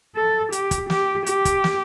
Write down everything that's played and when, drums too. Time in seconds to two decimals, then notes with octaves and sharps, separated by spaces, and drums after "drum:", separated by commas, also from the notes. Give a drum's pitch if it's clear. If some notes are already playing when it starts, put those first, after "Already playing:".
0.16 A4
0.52 G4, drum: hi-hat
0.71 drum: kick, hi-hat
0.90 G4, drum: snare
1.26 G4, drum: hi-hat
1.45 drum: kick, hi-hat
1.64 drum: snare